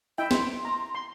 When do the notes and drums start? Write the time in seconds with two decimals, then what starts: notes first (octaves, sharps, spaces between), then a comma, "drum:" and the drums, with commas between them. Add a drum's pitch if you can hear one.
0.18 E4 D#5 E5 G5
0.31 C6, drum: snare
0.65 A#5
0.95 C6